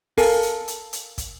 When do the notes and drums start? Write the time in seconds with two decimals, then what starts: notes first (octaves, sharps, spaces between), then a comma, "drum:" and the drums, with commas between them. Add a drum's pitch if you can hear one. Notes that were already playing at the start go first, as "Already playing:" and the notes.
0.18 A4 A#4 F5 G#5, drum: kick, open hi-hat
0.43 drum: hi-hat
0.68 drum: hi-hat
0.93 drum: hi-hat
1.18 drum: kick, hi-hat